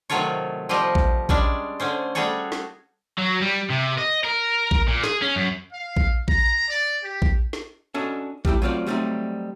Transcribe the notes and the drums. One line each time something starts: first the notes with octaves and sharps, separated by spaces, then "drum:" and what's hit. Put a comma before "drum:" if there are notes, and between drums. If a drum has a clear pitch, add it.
C3 D#3 F#3 A3 F4 C#5
F3 G3 C4 F4 G4 D#5
drum: kick A#1
G3 G#3 C#4 D4, drum: kick A#1
D3 A3 C#4 C5
G3 A3 F#4 G#4 A4 C#5
drum: snare
F#3
G3
C3
D#5
A#4
drum: kick A#1
A#2
G#4, drum: snare
C#4
F#2
F5
drum: kick A#1
A#5, drum: kick A#1
D5
G4
drum: kick A#1
drum: snare
C#4 D4 F#4 A4 D#5
G3 A3 E4 G4, drum: kick A#1
F#3 A3 C4 F4 C5 D5
F#3 G3 A3 C4 D#4